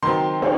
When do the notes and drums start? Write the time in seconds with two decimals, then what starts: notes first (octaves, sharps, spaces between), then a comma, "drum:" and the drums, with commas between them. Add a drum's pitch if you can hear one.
0.03 D#3 F#3 C4 C6
0.42 C4, drum: cymbal